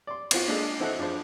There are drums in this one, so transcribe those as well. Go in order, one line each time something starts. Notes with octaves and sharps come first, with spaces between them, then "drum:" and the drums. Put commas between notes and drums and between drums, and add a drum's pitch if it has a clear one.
D5 C6
B3 C4 F4 F#4, drum: cymbal
G#3 A#3 D4 G#4 A4 D#5
C4 E4 F#4 A4 D#5 F#5
F3 D4 G#4 C5